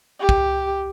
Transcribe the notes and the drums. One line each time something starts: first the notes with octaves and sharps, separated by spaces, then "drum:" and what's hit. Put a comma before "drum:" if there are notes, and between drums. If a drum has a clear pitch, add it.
G4
drum: kick